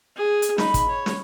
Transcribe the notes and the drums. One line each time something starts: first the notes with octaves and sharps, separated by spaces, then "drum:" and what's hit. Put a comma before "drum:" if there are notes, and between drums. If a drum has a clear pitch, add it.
G#4
drum: hi-hat
D#4 B5, drum: snare
drum: kick, hi-hat
C#5
drum: snare